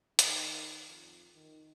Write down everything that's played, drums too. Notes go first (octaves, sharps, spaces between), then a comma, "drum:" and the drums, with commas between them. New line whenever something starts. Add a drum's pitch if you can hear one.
D#3, drum: hi-hat
F2
D#3